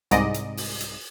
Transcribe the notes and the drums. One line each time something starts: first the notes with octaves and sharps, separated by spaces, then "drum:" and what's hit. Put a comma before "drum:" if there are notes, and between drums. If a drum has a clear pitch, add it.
C2 G#2 D5 D#5, drum: hi-hat
drum: hi-hat
drum: open hi-hat
drum: hi-hat